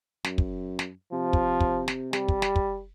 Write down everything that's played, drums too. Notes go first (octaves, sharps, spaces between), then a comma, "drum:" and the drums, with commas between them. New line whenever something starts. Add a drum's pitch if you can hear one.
F#2, drum: snare
drum: kick
drum: snare
C3 F3
drum: kick
drum: kick
drum: snare
G3, drum: snare
drum: kick
drum: snare
drum: kick